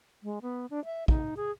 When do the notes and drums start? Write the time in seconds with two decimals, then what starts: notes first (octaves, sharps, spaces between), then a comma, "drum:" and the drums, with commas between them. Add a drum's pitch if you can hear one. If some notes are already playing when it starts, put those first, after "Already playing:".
0.23 G#3
0.42 B3
0.70 D4
0.85 E5
1.08 D#4, drum: kick
1.37 G#4